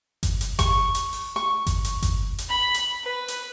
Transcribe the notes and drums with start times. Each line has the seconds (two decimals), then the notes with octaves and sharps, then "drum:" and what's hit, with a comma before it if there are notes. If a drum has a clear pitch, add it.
0.23 drum: kick G1, hi-hat
0.41 drum: hi-hat
0.59 C#6, drum: kick G1, hi-hat
0.95 drum: hi-hat
1.13 drum: open hi-hat
1.36 C#6
1.67 drum: kick G1, hi-hat
1.84 drum: hi-hat
2.02 drum: kick G1, hi-hat
2.38 drum: hi-hat
2.49 B5
2.74 drum: hi-hat
3.03 B4
3.28 drum: hi-hat